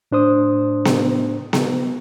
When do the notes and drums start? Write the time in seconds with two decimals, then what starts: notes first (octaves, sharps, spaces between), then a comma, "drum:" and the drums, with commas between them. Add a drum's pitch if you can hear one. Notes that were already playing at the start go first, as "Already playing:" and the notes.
0.12 A2 D4 C5 D#6
0.85 drum: snare B3
1.53 drum: snare B3